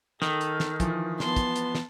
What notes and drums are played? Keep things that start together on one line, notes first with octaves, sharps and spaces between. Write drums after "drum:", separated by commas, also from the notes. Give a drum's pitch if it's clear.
D#3 A4, drum: snare
drum: hi-hat
drum: snare
E3 F3, drum: kick, hi-hat
B3 A5 C6, drum: snare
drum: kick, hi-hat
drum: hi-hat
drum: snare